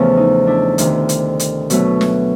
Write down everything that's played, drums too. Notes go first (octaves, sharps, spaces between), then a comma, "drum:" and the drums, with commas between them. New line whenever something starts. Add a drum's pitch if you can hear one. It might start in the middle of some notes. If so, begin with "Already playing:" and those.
Already playing: E2 C#3 F3 A3 B3
D#4
D4 E4
D2 C3 D#3, drum: hi-hat
drum: hi-hat
drum: hi-hat
B2 F#3 A3, drum: hi-hat
drum: snare